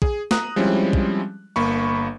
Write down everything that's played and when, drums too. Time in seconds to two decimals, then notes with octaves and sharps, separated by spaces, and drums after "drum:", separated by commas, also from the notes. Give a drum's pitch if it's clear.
0.02 G#4, drum: kick
0.31 A#5 D#6 F#6, drum: snare
0.56 F3 G3 G#3 C4 C#4 E4
0.93 drum: kick
1.56 G1 A#3 B5 C#6